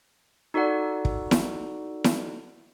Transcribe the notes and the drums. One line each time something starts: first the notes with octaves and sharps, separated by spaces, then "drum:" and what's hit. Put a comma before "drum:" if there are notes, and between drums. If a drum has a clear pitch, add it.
D#4 F#4 A4 D5 F#5
drum: kick
drum: snare E4
drum: snare E4